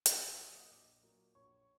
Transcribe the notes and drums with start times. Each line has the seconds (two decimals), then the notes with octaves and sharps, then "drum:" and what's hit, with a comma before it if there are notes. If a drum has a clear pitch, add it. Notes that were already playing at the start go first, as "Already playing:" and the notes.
0.06 A#1 D#5 D#6, drum: hi-hat
0.22 E5 E6
0.38 A#2 F#3 A#3 D#5 D#6
0.54 D#5 D#6
0.71 A#1 D5 D6
1.03 A#2 F#3 A#3
1.35 A#1 C#5 C#6